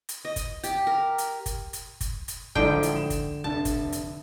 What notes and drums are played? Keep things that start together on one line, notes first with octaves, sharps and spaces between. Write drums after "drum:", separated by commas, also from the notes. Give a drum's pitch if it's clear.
drum: hi-hat
D#5
drum: kick, hi-hat
G4, drum: hi-hat
A#4
drum: hi-hat
drum: kick, hi-hat
drum: hi-hat
drum: kick, hi-hat
drum: hi-hat
A1 G#2 D3 F3 G5, drum: kick
drum: hi-hat
E7
drum: kick, hi-hat
F1 D3 A5
drum: kick, hi-hat
drum: hi-hat